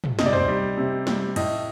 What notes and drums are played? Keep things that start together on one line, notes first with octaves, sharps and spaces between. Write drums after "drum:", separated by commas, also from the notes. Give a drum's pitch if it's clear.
drum: tom
C3 D#5, drum: snare
D5
C5, drum: tom
D5
G3
C3
G3, drum: snare
A2 D#5, drum: cymbal